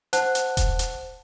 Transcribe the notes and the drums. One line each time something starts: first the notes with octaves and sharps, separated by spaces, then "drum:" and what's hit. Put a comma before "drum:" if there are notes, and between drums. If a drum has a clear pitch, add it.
C5 F#5 A5 F#6, drum: hi-hat
drum: hi-hat
drum: kick E1, hi-hat
drum: hi-hat